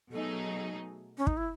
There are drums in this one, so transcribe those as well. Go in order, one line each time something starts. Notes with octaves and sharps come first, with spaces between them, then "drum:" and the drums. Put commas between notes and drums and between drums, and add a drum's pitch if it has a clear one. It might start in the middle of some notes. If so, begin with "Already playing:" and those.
B2 F#3 A3 D#4 G#4 A4
C#4
D#4, drum: kick
E4